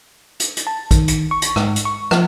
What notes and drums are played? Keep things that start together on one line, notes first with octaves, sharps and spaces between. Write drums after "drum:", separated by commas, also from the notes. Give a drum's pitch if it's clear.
drum: hi-hat
drum: hi-hat
A5
D#3, drum: kick A#1, hi-hat
drum: hi-hat
C#6
drum: hi-hat
G#2, drum: rim click
drum: hi-hat
C#6
F3, drum: rim click